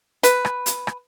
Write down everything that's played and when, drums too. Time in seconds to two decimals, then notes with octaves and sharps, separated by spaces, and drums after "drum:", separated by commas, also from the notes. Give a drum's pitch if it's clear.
0.23 B4, drum: hi-hat
0.45 drum: rim click
0.66 drum: hi-hat
0.87 drum: rim click